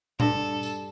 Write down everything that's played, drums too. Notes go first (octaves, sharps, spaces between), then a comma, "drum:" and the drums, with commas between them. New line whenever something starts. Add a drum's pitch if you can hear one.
G2 A4, drum: tom A#2
drum: tambourine